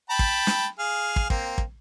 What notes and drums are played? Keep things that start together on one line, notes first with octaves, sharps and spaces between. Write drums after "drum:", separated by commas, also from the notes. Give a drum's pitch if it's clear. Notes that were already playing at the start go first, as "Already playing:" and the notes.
G5 A5 B5
drum: kick
drum: snare
G#4 F5
drum: kick
A#3 C4, drum: kick
drum: kick